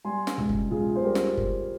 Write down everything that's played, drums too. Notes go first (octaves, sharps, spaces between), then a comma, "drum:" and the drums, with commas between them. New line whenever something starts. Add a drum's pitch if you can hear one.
G3 G#5 C6
drum: snare
C#2
drum: kick
C#2 F4 G#4
C5
G3 G4 A#4
drum: snare
drum: kick